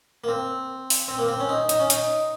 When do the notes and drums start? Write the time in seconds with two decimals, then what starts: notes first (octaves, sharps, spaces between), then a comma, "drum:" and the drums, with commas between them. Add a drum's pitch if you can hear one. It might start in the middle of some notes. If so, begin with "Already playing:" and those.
0.24 A#3
0.28 C4
0.90 drum: open hi-hat
1.08 C4
1.19 A#3
1.29 C4
1.40 C#4
1.49 D#4
1.69 D#4, drum: hi-hat
1.80 C#4
1.90 D#4, drum: hi-hat